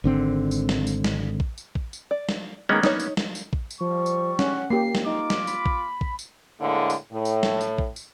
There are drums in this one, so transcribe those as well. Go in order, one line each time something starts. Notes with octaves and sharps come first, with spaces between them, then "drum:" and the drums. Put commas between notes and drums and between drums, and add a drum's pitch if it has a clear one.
G#1 D3 C4
drum: tambourine
drum: snare
drum: tambourine
drum: snare
drum: kick A#1
drum: tambourine
drum: kick A#1
drum: tambourine
D5
drum: snare
D#3 G#3 A#3 B3 C#4
D#4 C#5, drum: snare
drum: tambourine
drum: snare
drum: tambourine
drum: kick A#1
drum: tambourine
F3 G3 C#6
drum: tambourine
C#4 F#5, drum: snare
A#3 G4 C7
drum: snare
D#4 F4 D6
drum: snare
B5, drum: tambourine
drum: kick A#1
drum: kick A#1
drum: tambourine
A2 D3 G#3 A#3
drum: tambourine
A2
drum: tambourine
drum: snare
drum: tambourine
drum: kick A#1
drum: tambourine